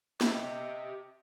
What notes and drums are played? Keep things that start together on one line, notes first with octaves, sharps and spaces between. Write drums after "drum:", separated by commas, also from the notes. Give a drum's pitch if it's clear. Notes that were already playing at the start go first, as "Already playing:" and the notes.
G4 D#5 E5, drum: snare